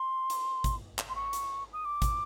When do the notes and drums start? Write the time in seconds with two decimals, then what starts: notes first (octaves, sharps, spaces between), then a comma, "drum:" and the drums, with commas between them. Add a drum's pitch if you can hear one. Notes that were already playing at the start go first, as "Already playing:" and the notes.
Already playing: C6
0.30 drum: hi-hat
0.64 drum: kick G#1, hi-hat
0.99 drum: clap
1.09 C6
1.16 C#6
1.33 drum: hi-hat
1.73 D#6
1.85 D6
2.02 drum: kick G#1, hi-hat